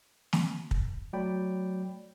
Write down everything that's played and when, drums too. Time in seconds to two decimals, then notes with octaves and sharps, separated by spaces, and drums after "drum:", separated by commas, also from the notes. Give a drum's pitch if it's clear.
0.33 drum: snare
0.71 drum: kick
1.13 F#3 A3 D5 G5 B5